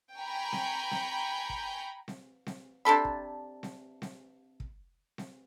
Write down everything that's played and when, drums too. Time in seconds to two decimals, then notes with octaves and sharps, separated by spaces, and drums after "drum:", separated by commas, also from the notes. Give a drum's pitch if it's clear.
0.18 G5 G#5 A#5 B5 C#6 G6
0.52 drum: snare C4
0.91 drum: snare C4
1.49 drum: kick
2.08 drum: snare C4
2.46 drum: snare C4
2.85 C3 D4 A4 B5
3.05 drum: kick
3.63 drum: snare C4
4.02 drum: snare C4
4.60 drum: kick
5.18 drum: snare C4